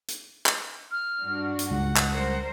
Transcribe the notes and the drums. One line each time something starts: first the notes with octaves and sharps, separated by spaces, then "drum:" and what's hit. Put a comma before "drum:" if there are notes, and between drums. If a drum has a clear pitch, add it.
drum: hi-hat
drum: clap
F6
G2 D4 F#4
drum: hi-hat
C#2 F#5
drum: clap
G3 A#4 C5